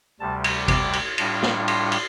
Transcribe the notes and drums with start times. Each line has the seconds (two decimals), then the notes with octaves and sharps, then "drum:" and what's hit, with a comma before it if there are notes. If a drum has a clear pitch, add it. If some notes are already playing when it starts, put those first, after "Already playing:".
0.20 D2 C3 G3 A5
0.44 drum: cymbal
0.68 D6, drum: kick G#1, cymbal
0.93 drum: cymbal
1.18 A2 G3 D4 F4, drum: cymbal
1.43 drum: snare
1.68 C6, drum: cymbal
1.92 drum: cymbal